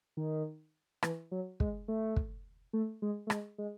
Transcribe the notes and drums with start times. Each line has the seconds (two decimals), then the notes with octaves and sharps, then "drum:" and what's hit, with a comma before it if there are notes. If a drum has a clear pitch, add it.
0.17 D#3
1.03 E3, drum: rim click
1.32 F#3
1.60 G#3, drum: kick
1.88 A3
2.16 drum: kick
2.73 A3
3.02 G#3
3.27 A3
3.30 G#3, drum: rim click
3.58 G#3